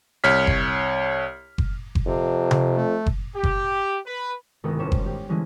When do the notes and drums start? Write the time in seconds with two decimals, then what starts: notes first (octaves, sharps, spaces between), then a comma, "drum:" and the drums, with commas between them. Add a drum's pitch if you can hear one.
0.24 C2 C#5 F6 B6
0.47 drum: kick F#1
1.58 drum: kick F#1
1.95 drum: kick F#1
2.06 F2 C3
2.51 drum: tom C3
2.77 A3
3.06 drum: kick F#1
3.34 G4
3.43 drum: kick F#1
4.04 B4
4.64 G1 C2 D#3 G3 G#3 B3
4.79 G#1 G3 C#4 C5 C#6 E7
4.92 drum: kick F#1
5.06 G4
5.29 D3 E3 G3 G#3 C#4